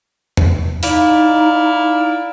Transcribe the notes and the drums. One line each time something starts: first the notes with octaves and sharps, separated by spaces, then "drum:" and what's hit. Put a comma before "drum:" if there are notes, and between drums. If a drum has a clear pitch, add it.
drum: tom E2
D#4 E4 D5 F5, drum: open hi-hat